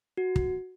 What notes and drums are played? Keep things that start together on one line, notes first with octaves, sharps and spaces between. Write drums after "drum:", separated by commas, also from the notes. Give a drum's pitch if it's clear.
F#4
drum: kick